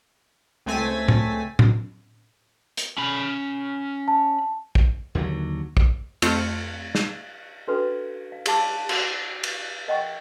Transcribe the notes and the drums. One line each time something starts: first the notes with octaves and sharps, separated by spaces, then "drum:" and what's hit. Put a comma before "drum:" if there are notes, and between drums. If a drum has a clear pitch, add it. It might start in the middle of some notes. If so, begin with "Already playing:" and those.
C#2 A3 C4 G#5 A6 B6
drum: tom A2
drum: tom A2
drum: hi-hat
C#4 B5
A5
drum: kick
D#2 D3 F3 F#3
drum: kick
F2 A3 C4 F4 F6 C#7, drum: cymbal
drum: snare
C#4 D4 F#4 A4 B4
F5
G4 G#4 F5 A5 D6 E6, drum: cymbal
F#4, drum: cymbal
drum: cymbal
A#4 D#5 F#5 G5 C#6